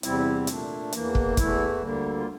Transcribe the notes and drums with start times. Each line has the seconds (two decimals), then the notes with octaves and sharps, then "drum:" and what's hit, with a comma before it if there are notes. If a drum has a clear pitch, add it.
0.03 E2 C3 G3 C4 E4, drum: hi-hat
0.47 A#2 A3 D4, drum: hi-hat
0.92 E2 E3 A#3, drum: hi-hat
1.15 drum: kick
1.37 E2 E3 A3 E4, drum: kick, hi-hat
1.82 D2 D3 G3 A#3
2.18 F4